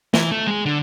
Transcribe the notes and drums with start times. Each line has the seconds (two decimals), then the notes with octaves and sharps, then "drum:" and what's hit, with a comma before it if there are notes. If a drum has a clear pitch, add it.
0.14 E3, drum: snare
0.32 A3
0.48 G#3 G#4
0.66 D3